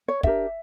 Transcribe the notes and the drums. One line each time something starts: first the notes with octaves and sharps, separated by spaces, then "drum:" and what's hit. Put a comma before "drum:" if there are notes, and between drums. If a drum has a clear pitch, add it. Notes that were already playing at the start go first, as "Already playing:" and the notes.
C#5
D4 G4 A#4 E5, drum: kick